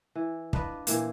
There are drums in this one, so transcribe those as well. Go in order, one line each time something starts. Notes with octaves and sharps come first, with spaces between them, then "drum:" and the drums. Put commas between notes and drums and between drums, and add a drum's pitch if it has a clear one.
E3
D4 F4 B4 D#5, drum: kick
A#2 E3 A#3, drum: hi-hat